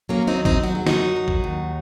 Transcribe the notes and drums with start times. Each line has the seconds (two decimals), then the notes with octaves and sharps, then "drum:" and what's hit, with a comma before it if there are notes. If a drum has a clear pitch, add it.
0.09 F#3 A#3 C#4
0.27 C4 D#4
0.37 D#2
0.45 C4 D#4, drum: kick
0.63 F#3 F#4
0.75 G#4
0.87 F#2 D#4 F#4, drum: snare
1.16 F#3
1.28 drum: kick
1.44 D#2